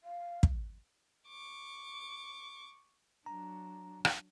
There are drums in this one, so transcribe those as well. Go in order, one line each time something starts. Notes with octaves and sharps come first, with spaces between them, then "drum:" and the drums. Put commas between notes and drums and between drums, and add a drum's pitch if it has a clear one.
F5
drum: kick
C#6 D6
F#3 D4 A#5
drum: rim click